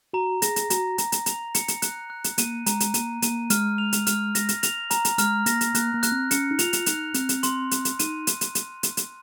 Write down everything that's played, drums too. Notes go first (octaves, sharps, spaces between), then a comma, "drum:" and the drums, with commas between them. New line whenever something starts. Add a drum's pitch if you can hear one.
F#4 A#5
G#4 A#6, drum: hi-hat
drum: hi-hat
F#4 A#5, drum: hi-hat
A#5, drum: hi-hat
drum: hi-hat
F7, drum: hi-hat
C#7, drum: hi-hat
drum: hi-hat
F#6, drum: hi-hat
F#6
drum: hi-hat
A#3 D#7, drum: hi-hat
G#3 A#5, drum: hi-hat
drum: hi-hat
A#3 D#7, drum: hi-hat
A#3 D#7, drum: hi-hat
G#3 F6, drum: hi-hat
F7
drum: hi-hat
F6, drum: hi-hat
A#6, drum: hi-hat
drum: hi-hat
F7, drum: hi-hat
A#5, drum: hi-hat
drum: hi-hat
G#3 F6, drum: hi-hat
A#3 A#6, drum: hi-hat
drum: hi-hat
A#3 F#6, drum: hi-hat
A#3
F#6, drum: hi-hat
C4
C#4 C#7, drum: hi-hat
D#4
F4 F7, drum: hi-hat
drum: hi-hat
D#4 F#6, drum: hi-hat
C4 F#6, drum: hi-hat
drum: hi-hat
C6, drum: hi-hat
F#6, drum: hi-hat
drum: hi-hat
D#4 D#7, drum: hi-hat
drum: hi-hat
drum: hi-hat
drum: hi-hat
drum: hi-hat
drum: hi-hat